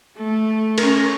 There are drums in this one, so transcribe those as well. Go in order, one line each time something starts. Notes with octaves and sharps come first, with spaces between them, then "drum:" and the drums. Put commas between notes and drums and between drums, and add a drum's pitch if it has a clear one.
A3
C#4 A#4, drum: cymbal